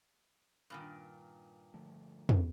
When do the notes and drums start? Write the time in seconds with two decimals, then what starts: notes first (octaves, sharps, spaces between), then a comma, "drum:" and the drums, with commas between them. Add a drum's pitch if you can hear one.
0.70 G2 A#2 D#3
1.74 D3 F3 A3
2.29 drum: tom